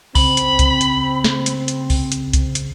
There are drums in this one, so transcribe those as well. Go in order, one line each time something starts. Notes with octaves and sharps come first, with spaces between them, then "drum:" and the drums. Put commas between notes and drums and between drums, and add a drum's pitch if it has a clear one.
C#3 C4 B5, drum: kick C2, open hi-hat
drum: hi-hat
drum: kick C2, hi-hat
drum: hi-hat
drum: snare
drum: hi-hat
drum: hi-hat
drum: kick C2, open hi-hat
drum: hi-hat
drum: kick C2, hi-hat
drum: hi-hat